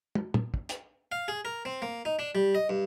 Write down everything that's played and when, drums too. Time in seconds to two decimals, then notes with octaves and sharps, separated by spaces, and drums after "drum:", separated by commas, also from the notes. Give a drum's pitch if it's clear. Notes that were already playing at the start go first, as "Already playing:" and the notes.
0.15 drum: tom
0.34 drum: tom
0.54 drum: kick
0.69 drum: hi-hat
1.12 F5
1.28 G#4
1.45 A#4
1.65 C4
1.82 A#3
2.05 D#4
2.19 D4
2.35 G3
2.55 D#5
2.69 G2